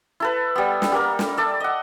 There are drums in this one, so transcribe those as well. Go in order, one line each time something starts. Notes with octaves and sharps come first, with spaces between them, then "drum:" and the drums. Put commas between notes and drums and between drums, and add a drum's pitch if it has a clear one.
E4 A4 B4
G3 B3
drum: snare
G3 A#3 A#4
drum: snare
A4 D5 E5
D#5 F#5